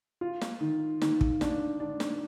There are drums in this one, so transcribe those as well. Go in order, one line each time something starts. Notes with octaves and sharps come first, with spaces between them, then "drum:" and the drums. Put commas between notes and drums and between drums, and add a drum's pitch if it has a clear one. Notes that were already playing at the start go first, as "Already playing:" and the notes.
F4
drum: snare
D#3
D#3, drum: snare
drum: kick
D4, drum: snare
D4
drum: snare